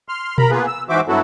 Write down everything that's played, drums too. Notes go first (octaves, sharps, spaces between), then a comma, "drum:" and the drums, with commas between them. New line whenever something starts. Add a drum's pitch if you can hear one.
C6 F6
A#4 A#5 B5, drum: tom B2
A#3 B3 F4 G#4 B4
E6
G#2 E3 F#4 C5 E5 D6
G2 F#3 B3 E4 F#4 A4